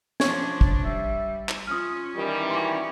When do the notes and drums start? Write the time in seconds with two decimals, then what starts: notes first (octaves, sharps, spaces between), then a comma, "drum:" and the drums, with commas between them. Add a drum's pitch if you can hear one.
0.20 F3 D4 C#5 C#6 G#6, drum: snare
0.61 drum: kick
0.83 G3 E5
1.49 drum: clap
1.67 C#4 F4 D#6 F6
2.16 D#3 E3 G3 A#4
2.51 C#4 F#4 C6 D6